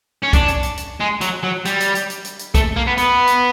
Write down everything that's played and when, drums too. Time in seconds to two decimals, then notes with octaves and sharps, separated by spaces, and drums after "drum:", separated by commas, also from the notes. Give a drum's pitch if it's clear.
0.22 C#4
0.33 D4, drum: kick B1, hi-hat
0.48 drum: hi-hat
0.63 drum: hi-hat
0.77 drum: hi-hat
1.00 G#3
1.21 F#3, drum: hi-hat
1.43 F#3
1.65 G3, drum: hi-hat
1.80 drum: hi-hat
1.95 drum: hi-hat
2.10 drum: hi-hat
2.25 drum: hi-hat
2.39 drum: hi-hat
2.55 A3, drum: kick B1, hi-hat
2.77 A#3
2.88 B3
2.98 B3, drum: hi-hat
3.27 drum: hi-hat